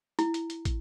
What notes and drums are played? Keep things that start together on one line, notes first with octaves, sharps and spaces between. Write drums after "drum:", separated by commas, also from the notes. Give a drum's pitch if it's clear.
E4, drum: hi-hat
drum: hi-hat
drum: hi-hat
drum: kick, hi-hat